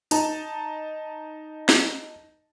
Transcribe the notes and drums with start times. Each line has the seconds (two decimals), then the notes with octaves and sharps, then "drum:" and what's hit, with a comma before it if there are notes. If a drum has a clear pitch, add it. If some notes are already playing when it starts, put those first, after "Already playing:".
0.11 D#4 A5, drum: tambourine
1.69 drum: snare